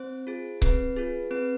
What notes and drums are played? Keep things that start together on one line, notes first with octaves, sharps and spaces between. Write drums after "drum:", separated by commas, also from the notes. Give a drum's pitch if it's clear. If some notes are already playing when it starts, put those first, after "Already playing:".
Already playing: C4 C5
F4 G#4
C4 B4, drum: kick C#1
F4 G#4
C4 B4